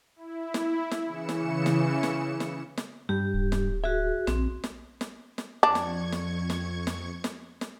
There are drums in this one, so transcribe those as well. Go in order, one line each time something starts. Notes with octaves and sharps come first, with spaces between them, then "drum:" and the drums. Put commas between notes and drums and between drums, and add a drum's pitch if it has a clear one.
E4
drum: snare
drum: snare
C#3 E3 C#7 E7
drum: snare
drum: snare
drum: snare
drum: snare
drum: snare
G2 G4
D1
drum: snare
F#4 G#4 E5
A#1 C4, drum: snare
drum: snare
drum: snare
drum: snare
F2 D4 C#6 G#6
drum: snare
drum: snare
drum: snare
drum: snare
drum: snare
drum: snare